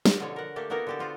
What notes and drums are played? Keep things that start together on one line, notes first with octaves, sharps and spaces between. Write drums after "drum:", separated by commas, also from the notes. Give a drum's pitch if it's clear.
drum: snare
B2 D3 F3 A4 C#5
A#4 F#5
A3 A#3 G4 A4
A#3 B3 E4 F#4 A4 A#4
D3 G4 A4
B3 F4 F#4 C5